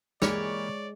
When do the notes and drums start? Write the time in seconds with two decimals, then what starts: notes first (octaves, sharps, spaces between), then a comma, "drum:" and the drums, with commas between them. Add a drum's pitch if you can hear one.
0.22 E3 G#3 A#3 G4 C#5 D5, drum: snare